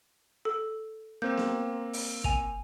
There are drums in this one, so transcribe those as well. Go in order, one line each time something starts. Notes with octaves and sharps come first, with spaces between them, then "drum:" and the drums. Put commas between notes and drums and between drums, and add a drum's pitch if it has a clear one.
A4
A#3 C4 G6
drum: snare B3
drum: open hi-hat
G#5 F7, drum: kick